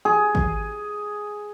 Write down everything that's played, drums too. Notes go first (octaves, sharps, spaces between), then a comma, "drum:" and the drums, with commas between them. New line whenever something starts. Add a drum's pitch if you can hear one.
G#4
drum: kick